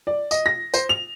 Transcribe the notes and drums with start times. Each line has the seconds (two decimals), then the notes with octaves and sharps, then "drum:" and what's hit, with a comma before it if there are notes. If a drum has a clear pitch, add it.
0.07 D5
0.31 D#5, drum: tambourine
0.46 A#6
0.74 C5, drum: tambourine
0.89 F7